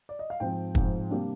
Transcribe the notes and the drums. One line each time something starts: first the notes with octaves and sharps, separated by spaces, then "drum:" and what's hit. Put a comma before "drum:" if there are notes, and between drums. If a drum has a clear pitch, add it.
D5
D#5
F5
G#2 F3 C4 G5
G#2 F3 C4, drum: kick
C3 G3 A#3 D4